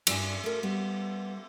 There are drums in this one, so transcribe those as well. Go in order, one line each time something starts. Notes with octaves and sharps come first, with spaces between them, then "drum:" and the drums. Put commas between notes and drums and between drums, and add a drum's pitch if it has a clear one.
G2 D4 G#5, drum: cymbal
A3 A#4
G3 B3